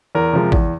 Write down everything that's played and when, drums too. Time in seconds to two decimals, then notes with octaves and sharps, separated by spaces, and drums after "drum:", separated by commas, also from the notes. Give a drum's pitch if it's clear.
0.15 E2 A#4
0.33 C3 F3 G#3
0.52 E2, drum: kick